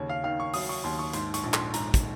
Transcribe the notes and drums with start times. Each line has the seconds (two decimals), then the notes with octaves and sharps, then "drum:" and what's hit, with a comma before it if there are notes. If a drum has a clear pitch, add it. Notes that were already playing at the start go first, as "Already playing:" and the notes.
Already playing: D#2 C#3 C#5
0.09 F5
0.24 D#3 F5
0.40 C#6
0.54 F#3 D#6, drum: open hi-hat
0.69 C#6
0.84 D#2 C6
0.99 C#6
1.13 G#2 C6, drum: hi-hat
1.34 C#6, drum: hi-hat
1.44 A#1
1.54 C6, drum: clap
1.74 G#2 A#5, drum: hi-hat
1.94 drum: kick, hi-hat